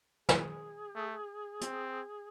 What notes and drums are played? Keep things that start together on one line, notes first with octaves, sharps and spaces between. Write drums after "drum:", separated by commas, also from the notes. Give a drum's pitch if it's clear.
G#4, drum: snare
A3
C4, drum: hi-hat